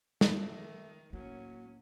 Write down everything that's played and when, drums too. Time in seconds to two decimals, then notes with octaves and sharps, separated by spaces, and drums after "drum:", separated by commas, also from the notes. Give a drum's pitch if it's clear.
0.21 F3 A3, drum: snare
0.52 D#3
1.13 A2 F#3 A#3 C#4